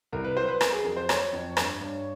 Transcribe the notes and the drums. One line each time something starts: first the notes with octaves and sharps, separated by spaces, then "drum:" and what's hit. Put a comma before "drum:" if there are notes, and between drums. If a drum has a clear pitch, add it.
C2 A#4
B4
F#3 C5
B4
F#3 A#4, drum: rim click
G#4
F2 A#4
C5
F#3 C#5, drum: rim click
F2
G2, drum: rim click
G2